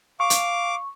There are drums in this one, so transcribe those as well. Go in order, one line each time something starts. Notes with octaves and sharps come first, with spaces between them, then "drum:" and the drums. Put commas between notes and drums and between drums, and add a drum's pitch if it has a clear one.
F5 C#6 D6
drum: hi-hat